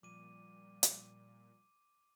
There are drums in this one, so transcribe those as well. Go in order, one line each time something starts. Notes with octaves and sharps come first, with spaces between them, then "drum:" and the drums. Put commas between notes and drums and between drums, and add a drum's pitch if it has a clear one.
A#2 F3 G3 D6 D#7
drum: hi-hat